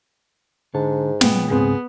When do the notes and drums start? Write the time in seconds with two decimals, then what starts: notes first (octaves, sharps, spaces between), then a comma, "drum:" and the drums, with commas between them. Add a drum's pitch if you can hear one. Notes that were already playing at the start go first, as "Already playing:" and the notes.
0.74 G#2 D3 A5
1.21 A#2 G#3 B3 C#4 G5, drum: snare
1.50 C#2 G#2 B3 C4 G#4